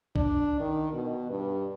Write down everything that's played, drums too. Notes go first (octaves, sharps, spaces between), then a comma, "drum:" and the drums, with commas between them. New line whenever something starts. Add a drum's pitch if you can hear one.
D4, drum: kick
D#3
B2
G2